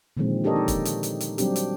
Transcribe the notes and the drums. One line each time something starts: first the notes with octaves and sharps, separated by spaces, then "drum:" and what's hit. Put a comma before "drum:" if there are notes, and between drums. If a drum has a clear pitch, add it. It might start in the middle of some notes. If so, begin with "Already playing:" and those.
A#2 D3 D#3 F3 G#3 C4
D4 G4 A4 A#4 C#5 D#5
D#4
drum: kick, hi-hat
drum: hi-hat
drum: hi-hat
drum: hi-hat
F#3 G3 C4 D4 G4, drum: hi-hat
drum: hi-hat